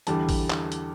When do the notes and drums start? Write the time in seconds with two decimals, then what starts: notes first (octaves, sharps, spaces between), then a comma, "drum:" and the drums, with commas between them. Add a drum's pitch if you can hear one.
0.07 E2 D3 G3 A5, drum: hi-hat
0.29 drum: kick, open hi-hat
0.50 drum: clap
0.72 drum: hi-hat